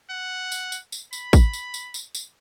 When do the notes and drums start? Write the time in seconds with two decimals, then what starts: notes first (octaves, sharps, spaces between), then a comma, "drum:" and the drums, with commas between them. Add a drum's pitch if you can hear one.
0.10 F#5
0.52 drum: tambourine
0.72 drum: tambourine
0.92 drum: tambourine
1.13 B5, drum: tambourine
1.33 drum: kick, tambourine
1.53 drum: tambourine
1.74 drum: tambourine
1.94 drum: tambourine
2.15 drum: tambourine